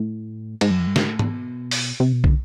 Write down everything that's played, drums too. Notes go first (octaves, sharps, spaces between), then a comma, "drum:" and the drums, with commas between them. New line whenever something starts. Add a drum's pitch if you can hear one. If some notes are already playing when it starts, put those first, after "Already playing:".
Already playing: A2
G#2, drum: cymbal
F#2
F2
G2
G#2, drum: snare
A2
B2, drum: tom
drum: open hi-hat
C3
B2
D3, drum: kick